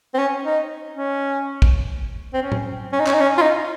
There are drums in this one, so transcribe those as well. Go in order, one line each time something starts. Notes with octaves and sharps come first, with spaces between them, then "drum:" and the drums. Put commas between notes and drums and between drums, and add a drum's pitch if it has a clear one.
C4
C#4
D#4
C#4
drum: kick
C4
C#4
drum: tom A2
C#4
D#4
C#4, drum: clap
D#4
C#4
F4
D#4